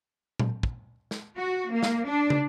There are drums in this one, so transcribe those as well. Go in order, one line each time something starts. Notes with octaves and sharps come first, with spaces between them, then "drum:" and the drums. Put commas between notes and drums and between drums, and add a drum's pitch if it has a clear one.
drum: tom A#2
drum: kick
drum: snare
F#4
A#3
drum: snare
D4
drum: tom